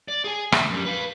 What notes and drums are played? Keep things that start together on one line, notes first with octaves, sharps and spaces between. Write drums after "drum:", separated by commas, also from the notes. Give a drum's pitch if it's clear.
D5
G#4 G#5
D2 E5, drum: rim click
F#2 G3
B4 F5